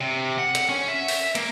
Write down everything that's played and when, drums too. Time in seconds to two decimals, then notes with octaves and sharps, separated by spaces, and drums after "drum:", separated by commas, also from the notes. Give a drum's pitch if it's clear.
0.01 C3
0.38 F#5
0.55 drum: hi-hat
0.69 C#4
0.88 E5
1.08 drum: open hi-hat
1.35 A#3, drum: hi-hat